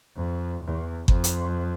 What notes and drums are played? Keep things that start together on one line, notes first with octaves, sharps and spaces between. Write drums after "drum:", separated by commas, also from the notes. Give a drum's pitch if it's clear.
F2
E2
F2, drum: kick G1
drum: hi-hat